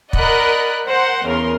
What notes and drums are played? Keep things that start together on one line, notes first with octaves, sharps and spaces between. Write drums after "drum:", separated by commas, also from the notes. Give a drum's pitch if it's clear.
A#4 D5 D#5 F#5 B5 F#6, drum: kick
A#4 C5 F#5
E2 C#3 A#4 C6